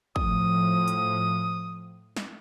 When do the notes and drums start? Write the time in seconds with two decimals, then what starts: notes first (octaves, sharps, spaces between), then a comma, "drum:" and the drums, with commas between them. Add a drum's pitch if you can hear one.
0.16 A2 F3 D#6, drum: kick
0.88 drum: hi-hat
2.16 drum: snare